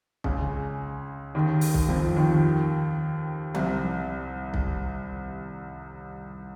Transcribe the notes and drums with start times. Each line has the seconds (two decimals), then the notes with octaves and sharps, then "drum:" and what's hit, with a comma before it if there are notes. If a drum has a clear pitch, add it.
0.24 C#2 C#3, drum: kick B1
1.35 D#2 D#3
1.61 drum: open hi-hat
1.74 drum: kick B1
1.89 F2 F3
2.16 D#2 D#3
3.55 C2 C3, drum: tom F3
4.54 drum: kick B1